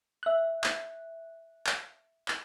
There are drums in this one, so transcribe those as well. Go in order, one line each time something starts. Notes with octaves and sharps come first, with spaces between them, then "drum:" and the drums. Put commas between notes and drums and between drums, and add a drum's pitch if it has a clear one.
E5 F#6
drum: clap
drum: clap
drum: clap